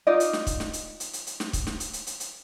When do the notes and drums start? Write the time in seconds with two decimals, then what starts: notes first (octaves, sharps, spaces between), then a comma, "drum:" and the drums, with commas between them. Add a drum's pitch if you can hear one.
0.07 D#4 F4 D5 D#5
0.20 drum: hi-hat
0.33 drum: snare
0.47 drum: kick, hi-hat
0.60 drum: snare
0.73 drum: hi-hat
1.00 drum: hi-hat
1.13 drum: hi-hat
1.27 drum: hi-hat
1.40 drum: snare
1.53 drum: kick, hi-hat
1.67 drum: snare
1.80 drum: hi-hat
1.93 drum: hi-hat
2.07 drum: hi-hat
2.20 drum: hi-hat